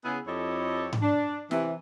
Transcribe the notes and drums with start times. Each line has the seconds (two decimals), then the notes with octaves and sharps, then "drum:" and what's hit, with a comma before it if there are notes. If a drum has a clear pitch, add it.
0.05 C#3 B3 E4 G#4
0.27 F2 E4 G4 A4 C#5 D#5
0.93 drum: tom G#2
1.02 D4
1.51 C3 E3, drum: snare